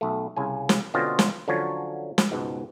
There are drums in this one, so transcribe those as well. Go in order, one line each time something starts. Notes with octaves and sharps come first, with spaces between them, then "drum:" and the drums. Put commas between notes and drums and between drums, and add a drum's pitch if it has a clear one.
B1 A3
C2 C#3 G#5
drum: snare
B2 D3 C4 C#4 F4 D#5
drum: snare
D3 F3 F#3 C#4 C#5
drum: snare
C#2 G#2 B2